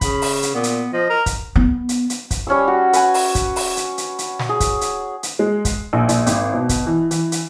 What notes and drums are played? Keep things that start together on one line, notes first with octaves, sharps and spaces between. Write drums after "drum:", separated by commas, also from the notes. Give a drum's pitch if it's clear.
C#3 B5, drum: kick, hi-hat
drum: open hi-hat
drum: hi-hat
A#2 B3
drum: hi-hat
F3 D#5
A#4
drum: kick, hi-hat
B3
drum: hi-hat
drum: hi-hat
drum: kick, hi-hat
G3 C#4 C#5 E6
F#4
B4 F#5 G#5, drum: hi-hat
drum: open hi-hat
drum: kick, hi-hat
drum: open hi-hat
drum: hi-hat
drum: hi-hat
drum: hi-hat
drum: snare
G#4
drum: kick, hi-hat
drum: hi-hat
drum: hi-hat
G#3
drum: kick, hi-hat
A#1
A#1, drum: hi-hat
G#1, drum: hi-hat
B2
drum: kick, hi-hat
E3
E3, drum: hi-hat
drum: hi-hat